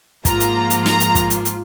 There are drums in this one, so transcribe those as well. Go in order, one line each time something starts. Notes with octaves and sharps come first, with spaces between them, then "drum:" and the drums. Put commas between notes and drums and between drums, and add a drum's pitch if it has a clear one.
G#2 F3 A#3 F4 A#5, drum: kick, hi-hat
drum: hi-hat
drum: hi-hat
A#5, drum: snare
drum: hi-hat
drum: kick, hi-hat
drum: hi-hat
drum: hi-hat